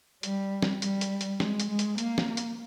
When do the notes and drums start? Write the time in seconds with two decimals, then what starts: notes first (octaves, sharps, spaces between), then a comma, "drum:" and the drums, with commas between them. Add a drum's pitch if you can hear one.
0.23 G3, drum: hi-hat
0.62 drum: snare
0.82 G3, drum: hi-hat
1.01 drum: hi-hat
1.21 drum: hi-hat
1.40 G#3, drum: snare
1.60 drum: hi-hat
1.69 G#3
1.79 drum: hi-hat
1.98 A#3, drum: hi-hat
2.18 drum: snare
2.37 drum: hi-hat